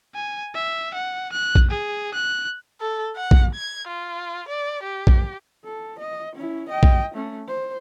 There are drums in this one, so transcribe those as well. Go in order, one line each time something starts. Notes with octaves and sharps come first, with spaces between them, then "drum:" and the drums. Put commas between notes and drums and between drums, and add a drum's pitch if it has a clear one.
G#5
E5
F#5
F#6
drum: kick A#1
G#4
F#6
A4
F#5
drum: kick A#1
G#6
F4
D5
G4
drum: kick A#1
A4
D#5
C#4 E4
D#5 G5
drum: kick A#1
A3 C#4
C5